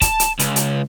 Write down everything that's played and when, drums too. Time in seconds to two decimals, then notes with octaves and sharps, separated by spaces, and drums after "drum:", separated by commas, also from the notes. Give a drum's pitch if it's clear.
0.01 A5, drum: kick, hi-hat
0.20 drum: hi-hat
0.39 C#2, drum: hi-hat
0.56 drum: hi-hat